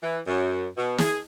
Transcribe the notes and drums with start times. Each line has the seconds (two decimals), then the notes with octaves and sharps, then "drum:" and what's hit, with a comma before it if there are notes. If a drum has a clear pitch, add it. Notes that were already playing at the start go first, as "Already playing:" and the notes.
0.03 E3
0.27 F#2
0.77 B2
0.98 G#4, drum: snare